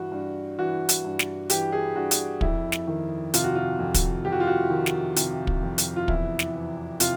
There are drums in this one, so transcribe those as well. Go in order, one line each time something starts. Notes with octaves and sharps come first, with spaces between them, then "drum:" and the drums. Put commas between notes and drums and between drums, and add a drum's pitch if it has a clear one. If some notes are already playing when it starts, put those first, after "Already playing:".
Already playing: G2 E3 F#4
G2
E3 F#4
drum: hi-hat
G2
drum: snare
E3 G4, drum: hi-hat
G#4
G2 F#4
drum: hi-hat
F2 E4, drum: kick
drum: snare
D#3
C3 F4, drum: hi-hat
F#4
F4
F2
drum: kick, hi-hat
F2 G4
F#4
F4
F#4
D#3
drum: snare
C3, drum: hi-hat
drum: kick
F2
drum: hi-hat
F4
E2 E4, drum: kick
drum: snare
E3
C3 F4, drum: hi-hat